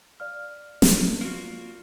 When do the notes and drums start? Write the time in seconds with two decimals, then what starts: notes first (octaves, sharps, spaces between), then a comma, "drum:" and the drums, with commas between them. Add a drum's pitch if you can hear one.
0.20 D5 F5 F6
0.82 drum: snare
1.21 A#3 F4 F#4